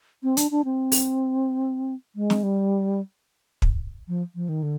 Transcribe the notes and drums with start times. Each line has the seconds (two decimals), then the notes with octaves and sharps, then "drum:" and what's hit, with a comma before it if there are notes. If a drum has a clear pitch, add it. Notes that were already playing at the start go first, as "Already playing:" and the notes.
0.23 C4
0.37 D4, drum: hi-hat
0.51 D4
0.65 C4
0.92 drum: open hi-hat
2.16 G#3
2.30 drum: snare
2.43 G3
3.62 drum: kick
4.08 F3
4.35 F3
4.49 D#3
4.63 D3